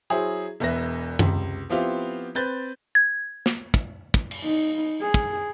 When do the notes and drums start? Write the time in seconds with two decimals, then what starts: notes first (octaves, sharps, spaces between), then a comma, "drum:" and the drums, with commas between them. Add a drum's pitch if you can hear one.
0.10 F#3 E4 G#4 C5
0.60 E1 E2 B4 E5 A#6
1.19 C#2 C3, drum: tom F#2
1.70 F3 B3 C4 E4 F4 G4
2.35 C4 B4 G6 A6
2.95 G#6
3.46 drum: snare
3.74 drum: kick
4.14 drum: kick
4.31 drum: cymbal
4.44 D#4
5.01 G#4
5.14 drum: kick